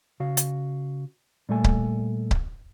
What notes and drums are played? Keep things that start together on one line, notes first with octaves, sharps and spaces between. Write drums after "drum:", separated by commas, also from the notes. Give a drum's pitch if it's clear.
C#3 F#4 F5
drum: hi-hat
A#2 G3 A3 A4 G#5
drum: kick C#1
drum: kick C#1